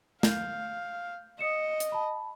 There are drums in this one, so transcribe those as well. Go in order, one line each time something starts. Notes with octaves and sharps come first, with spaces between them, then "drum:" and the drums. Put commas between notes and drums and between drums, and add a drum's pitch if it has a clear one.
F5 G6, drum: snare
D#5 D#6 C#7 E7
drum: hi-hat
A5 B5